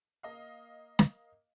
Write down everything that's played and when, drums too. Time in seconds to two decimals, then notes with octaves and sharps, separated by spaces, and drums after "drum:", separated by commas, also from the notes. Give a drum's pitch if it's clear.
0.23 A#3 D#5 F5
0.99 drum: snare